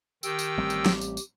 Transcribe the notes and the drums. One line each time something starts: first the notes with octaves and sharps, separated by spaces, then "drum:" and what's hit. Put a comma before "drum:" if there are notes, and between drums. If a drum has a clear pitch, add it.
D#3 G4 G5 E6, drum: tambourine
drum: tambourine
A1 G3 C4
drum: tambourine
drum: snare
drum: tambourine
drum: tambourine